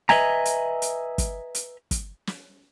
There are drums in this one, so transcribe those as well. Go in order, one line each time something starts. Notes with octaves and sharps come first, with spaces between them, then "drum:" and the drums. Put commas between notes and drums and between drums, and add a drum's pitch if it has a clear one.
B4 D#5 E5 G#5 A#5, drum: snare
drum: hi-hat
drum: hi-hat
drum: kick, hi-hat
drum: hi-hat
drum: kick, hi-hat
drum: snare